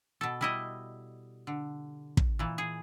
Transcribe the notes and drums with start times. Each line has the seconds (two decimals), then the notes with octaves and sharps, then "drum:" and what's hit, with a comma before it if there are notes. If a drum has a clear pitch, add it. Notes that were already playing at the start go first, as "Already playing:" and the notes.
0.21 B2 A4
0.41 G3 E4 D#5
1.47 D3
2.17 drum: kick
2.39 A#2 E3
2.58 G#4